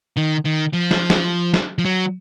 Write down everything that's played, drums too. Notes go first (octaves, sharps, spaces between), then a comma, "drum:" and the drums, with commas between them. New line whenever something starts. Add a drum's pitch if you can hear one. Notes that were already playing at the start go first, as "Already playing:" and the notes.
D#3
D#3
F3
drum: snare
drum: snare
drum: snare
F3
F#3